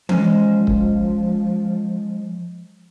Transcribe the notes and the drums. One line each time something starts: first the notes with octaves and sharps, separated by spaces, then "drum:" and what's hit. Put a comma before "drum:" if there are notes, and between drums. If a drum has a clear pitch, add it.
F3 G#3 C#4 C5, drum: tom E3
drum: kick C#1